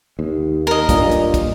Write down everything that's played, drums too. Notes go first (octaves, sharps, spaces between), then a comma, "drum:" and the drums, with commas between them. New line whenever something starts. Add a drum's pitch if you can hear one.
D#2
A#4 D#5
G2 A#2, drum: kick, hi-hat
drum: hi-hat
drum: kick, hi-hat